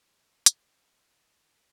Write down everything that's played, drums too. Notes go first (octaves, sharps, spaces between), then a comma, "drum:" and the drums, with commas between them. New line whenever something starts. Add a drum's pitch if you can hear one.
G3 E4 C#5
drum: hi-hat
G2 D#3 C#4 C5 F#5
D#2 B2 D3 D#4 F4 A5